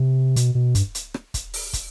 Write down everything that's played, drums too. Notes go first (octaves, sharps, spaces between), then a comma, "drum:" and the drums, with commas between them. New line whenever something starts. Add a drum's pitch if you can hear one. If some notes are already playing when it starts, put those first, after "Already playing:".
Already playing: C3
B2, drum: hi-hat
B2
G2, drum: kick, hi-hat
drum: hi-hat
drum: rim click
drum: kick, hi-hat
drum: open hi-hat
drum: kick, hi-hat